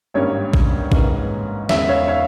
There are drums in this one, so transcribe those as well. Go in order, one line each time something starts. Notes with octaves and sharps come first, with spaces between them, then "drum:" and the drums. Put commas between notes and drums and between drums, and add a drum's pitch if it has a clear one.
G#1 G2 G3 A#3 C#4 C#5
drum: kick A1
G#1 G#2 E3 A#3 C#4, drum: kick A1
E1 E2 C#3 E5, drum: snare
C#5 F5
C#5 F5